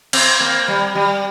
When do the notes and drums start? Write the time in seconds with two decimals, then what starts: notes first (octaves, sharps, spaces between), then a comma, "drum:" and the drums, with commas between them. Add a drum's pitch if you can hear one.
0.13 C4, drum: cymbal
0.41 A#3
0.68 G3
0.95 G3